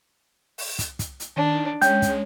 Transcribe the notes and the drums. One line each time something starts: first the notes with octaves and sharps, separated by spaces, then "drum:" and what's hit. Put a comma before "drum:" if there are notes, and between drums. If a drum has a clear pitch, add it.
drum: open hi-hat
drum: kick, hi-hat
drum: kick, hi-hat
drum: hi-hat
D#3 D4
G#3 C#4 G5 G6, drum: hi-hat
drum: kick, hi-hat